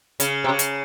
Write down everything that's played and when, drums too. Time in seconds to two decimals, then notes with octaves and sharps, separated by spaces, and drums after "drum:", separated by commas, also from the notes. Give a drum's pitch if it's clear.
0.20 C#3, drum: hi-hat
0.44 C3
0.49 C#3
0.59 drum: hi-hat